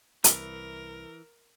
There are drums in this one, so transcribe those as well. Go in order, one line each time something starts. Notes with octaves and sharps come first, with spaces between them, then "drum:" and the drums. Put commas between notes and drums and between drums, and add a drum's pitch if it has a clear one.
C2 E3 A#4, drum: hi-hat